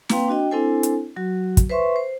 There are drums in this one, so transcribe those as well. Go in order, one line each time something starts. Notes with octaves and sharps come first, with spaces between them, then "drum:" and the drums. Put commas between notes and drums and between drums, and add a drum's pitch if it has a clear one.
A#3 C4 B4 F5 G5 C6, drum: snare
D4 F#4 D#5 G5
C4 D4 E4 A4 C5 G#5
drum: hi-hat
F#3 F#4
drum: kick, hi-hat
B4 C5 E5 C6 C#6
C5